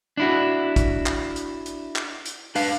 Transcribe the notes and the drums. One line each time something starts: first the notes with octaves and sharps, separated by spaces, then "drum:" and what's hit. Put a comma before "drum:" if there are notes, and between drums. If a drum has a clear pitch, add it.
D4 E4 F#4
drum: kick, hi-hat
drum: clap
drum: hi-hat
drum: hi-hat
drum: clap
drum: hi-hat
D4 B4 F5, drum: open hi-hat